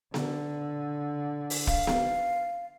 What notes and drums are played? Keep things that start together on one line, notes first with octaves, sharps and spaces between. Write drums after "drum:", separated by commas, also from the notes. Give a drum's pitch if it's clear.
D3, drum: snare B3
drum: open hi-hat
F5, drum: kick
drum: snare B3